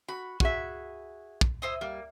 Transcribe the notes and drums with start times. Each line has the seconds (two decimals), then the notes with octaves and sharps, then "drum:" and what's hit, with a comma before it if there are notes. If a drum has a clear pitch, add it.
0.08 F#4 B5
0.40 F#4 G#4 E5, drum: kick
1.41 drum: kick
1.62 E4 C5 D#5
1.81 G3 A#3